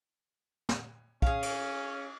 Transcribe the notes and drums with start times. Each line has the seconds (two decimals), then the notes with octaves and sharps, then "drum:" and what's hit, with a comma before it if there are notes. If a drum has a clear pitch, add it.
0.69 drum: snare
1.22 C#4 G#4 F5, drum: kick
1.42 drum: cymbal